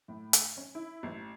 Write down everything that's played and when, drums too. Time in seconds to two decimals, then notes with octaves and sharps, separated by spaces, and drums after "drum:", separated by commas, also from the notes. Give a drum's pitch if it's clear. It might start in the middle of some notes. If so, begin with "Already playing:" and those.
0.08 A2
0.33 drum: hi-hat
0.57 C#4
0.75 E4
1.03 A1